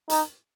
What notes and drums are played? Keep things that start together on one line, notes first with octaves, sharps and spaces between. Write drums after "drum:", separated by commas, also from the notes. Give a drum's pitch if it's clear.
D#4, drum: hi-hat